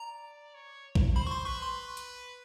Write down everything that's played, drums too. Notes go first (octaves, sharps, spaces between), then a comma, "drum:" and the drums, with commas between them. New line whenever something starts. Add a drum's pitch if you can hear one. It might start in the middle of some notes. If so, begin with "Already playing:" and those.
Already playing: D5 A#5
C#5
drum: kick A#1
C5 B5
C#6
C6
B4 C#6
C6
drum: hi-hat